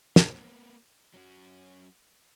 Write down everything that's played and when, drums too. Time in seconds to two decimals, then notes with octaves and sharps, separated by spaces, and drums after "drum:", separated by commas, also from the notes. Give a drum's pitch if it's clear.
0.16 A#3 B3, drum: snare
1.14 F#3 C#4 F#4